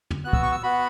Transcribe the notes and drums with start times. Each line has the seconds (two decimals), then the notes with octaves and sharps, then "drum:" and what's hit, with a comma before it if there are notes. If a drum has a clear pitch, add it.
0.10 drum: tom
0.24 B3 F#4 F#6
0.33 E6, drum: kick
0.42 C#6
0.52 E6
0.63 B3 F#4 B5